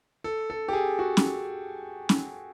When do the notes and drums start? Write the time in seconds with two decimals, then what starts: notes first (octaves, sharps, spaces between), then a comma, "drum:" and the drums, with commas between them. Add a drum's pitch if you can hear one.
0.24 A4
0.50 A4
0.68 G4
0.73 G#4
0.99 F#4
1.17 drum: snare C#4
2.09 drum: snare C#4